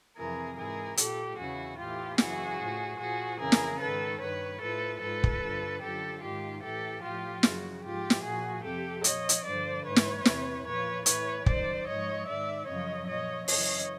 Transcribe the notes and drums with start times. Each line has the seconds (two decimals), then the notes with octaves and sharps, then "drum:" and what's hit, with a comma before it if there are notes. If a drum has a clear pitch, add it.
0.16 F2 C3 E3 G#4 A#4
0.57 G#2 E3 G#4 A#4
0.97 A#2 F3 G4 A4, drum: hi-hat
1.38 E2 C#3 E3 F#4 G#4
1.78 A2 E3 F4 G4
2.18 F#2 C#3 E3 F#4 G#4, drum: snare
2.60 A2 F3
2.99 A#2 F3 F#4 G#4
3.40 F2 C#3 E3 G#4 A#4
3.52 drum: snare
3.80 G#2 D#3 A4 B4
4.20 G2 D#3 B4 C#5
4.61 A2 F3 A4 B4
5.01 G#2 F3 A4 B4
5.24 drum: kick
5.41 G2 D3 F3
5.82 F#2 D3 F3 G4 A4
6.21 G#2 D#3 F4 G4
6.63 A2 E3 G4 A4
7.02 A2 F3 F4 G4
7.43 F#2 C#3 F3 F#4, drum: snare
7.84 G#2 F3 F4 G4
8.10 drum: snare
8.24 A#2 F3 F#4 G#4
8.64 F2 C3 F3 G4 A4
9.04 A#2 F3 C#5 D#5, drum: hi-hat
9.29 drum: hi-hat
9.44 G2 D3 F3 C5 D5
9.85 G#2 E3 B4 C#5
9.96 drum: snare
10.25 E2 C3 E3, drum: snare
10.65 A#2 F3 B4 C#5
11.06 A2 E3 B4 C#5, drum: hi-hat
11.46 F#2 D#3 C5 D5, drum: kick
11.87 G#2 F3 C#5 D#5
12.27 G#2 D#3 D5 E5
12.67 F#2 C#3 F3 C#5 D#5
13.08 A#2 F3 C#5 D#5
13.48 F#2 C#3 E3 C#5 D#5, drum: open hi-hat